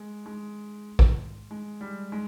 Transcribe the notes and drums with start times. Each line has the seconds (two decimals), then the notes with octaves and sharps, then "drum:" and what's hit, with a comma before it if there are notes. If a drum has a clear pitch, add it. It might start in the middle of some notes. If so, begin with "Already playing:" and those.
Already playing: G#3
0.26 G#3
0.99 drum: kick
1.51 G#3
1.81 G3
2.12 G#3